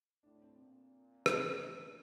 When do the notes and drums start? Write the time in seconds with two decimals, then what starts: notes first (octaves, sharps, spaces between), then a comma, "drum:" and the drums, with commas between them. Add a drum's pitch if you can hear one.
0.23 A2 D4
0.42 C4
0.62 A#2
1.26 drum: rim click
1.39 A#3
1.57 A3
1.77 D4